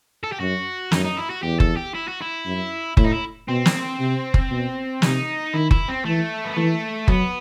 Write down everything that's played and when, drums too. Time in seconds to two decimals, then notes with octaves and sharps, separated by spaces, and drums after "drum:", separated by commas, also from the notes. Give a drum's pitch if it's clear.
0.24 A4
0.32 G4
0.40 F#2 F#4
0.92 F#2 D#4, drum: snare
1.05 D#4
1.17 E4
1.30 F#4
1.43 E2 G4
1.60 A4, drum: kick F#1
1.77 G4
1.95 E4
2.08 F#4
2.22 E4
2.46 F#2
2.97 A2 E4, drum: kick F#1
3.04 D#4
3.12 E4
3.48 B2 C4
3.66 drum: snare
3.99 C3
4.34 drum: kick F#1
4.51 B2
5.02 C3 D#4, drum: snare
5.54 D#3 E4
5.71 E4, drum: kick F#1
5.88 C4
6.05 E3 A3
6.45 B3
6.57 E3 A3
7.08 F#3 B3, drum: kick F#1